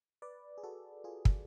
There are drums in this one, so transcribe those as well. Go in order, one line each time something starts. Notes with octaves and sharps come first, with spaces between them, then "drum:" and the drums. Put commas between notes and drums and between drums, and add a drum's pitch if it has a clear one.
B4 D5
G#4
F#4 A4
F4 G#4
drum: kick